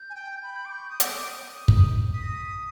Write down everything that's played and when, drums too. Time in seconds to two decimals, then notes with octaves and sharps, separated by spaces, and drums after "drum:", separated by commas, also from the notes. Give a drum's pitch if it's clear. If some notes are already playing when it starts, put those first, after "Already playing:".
Already playing: G6
0.10 G#5
0.15 G5
0.43 B5
0.65 D6
0.72 C#6
0.90 D#6
1.00 D6, drum: hi-hat
1.22 D6
1.28 D#6
1.68 drum: kick
2.13 D#6 B6
2.23 A#6
2.32 B6